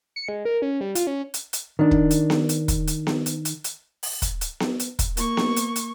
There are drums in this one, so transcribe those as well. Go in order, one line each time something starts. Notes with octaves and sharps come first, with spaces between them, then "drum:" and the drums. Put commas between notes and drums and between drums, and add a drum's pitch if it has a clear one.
C#7
G#3
A#4
C#4
G3
F4, drum: hi-hat
C#4
drum: hi-hat
drum: hi-hat
D#3 D4
drum: kick
drum: hi-hat
drum: snare B3
drum: hi-hat
drum: kick, hi-hat
drum: hi-hat
drum: snare B3
drum: hi-hat
drum: hi-hat
drum: hi-hat
drum: open hi-hat
drum: kick, hi-hat
drum: hi-hat
drum: snare B3
drum: hi-hat
drum: kick, hi-hat
A#3 C#6, drum: hi-hat
drum: snare B3
drum: hi-hat
drum: hi-hat